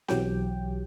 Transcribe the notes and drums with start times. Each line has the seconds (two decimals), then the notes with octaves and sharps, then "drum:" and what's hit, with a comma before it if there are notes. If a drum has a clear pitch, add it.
0.08 B1 E3 F#3 G4 G5, drum: snare C4